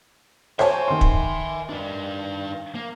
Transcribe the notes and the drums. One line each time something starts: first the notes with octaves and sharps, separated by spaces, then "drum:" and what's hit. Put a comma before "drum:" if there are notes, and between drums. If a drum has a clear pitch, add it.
C5 C#5 E5 G#5 A5, drum: rim click
D#3 C6
drum: kick
D4 B4
A#3